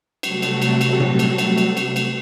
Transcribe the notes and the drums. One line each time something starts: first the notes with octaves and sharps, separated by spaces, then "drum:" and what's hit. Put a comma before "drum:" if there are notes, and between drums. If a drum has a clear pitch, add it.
C3 F#3 G3 A3 F#4 A4, drum: cymbal
drum: cymbal
drum: cymbal
drum: cymbal
drum: tom A#2
drum: cymbal
drum: cymbal
drum: cymbal
drum: cymbal
drum: cymbal